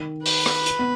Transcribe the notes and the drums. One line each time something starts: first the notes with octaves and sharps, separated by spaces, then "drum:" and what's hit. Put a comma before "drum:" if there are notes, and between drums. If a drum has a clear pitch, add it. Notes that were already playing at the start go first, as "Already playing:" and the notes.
Already playing: D#3
B4, drum: open hi-hat
drum: rim click
drum: hi-hat
B3